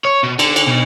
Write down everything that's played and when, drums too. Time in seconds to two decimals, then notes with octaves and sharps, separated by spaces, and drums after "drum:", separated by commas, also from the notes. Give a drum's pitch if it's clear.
0.05 C#5
0.23 B2
0.39 A4 D5, drum: cymbal
0.56 drum: cymbal
0.68 B2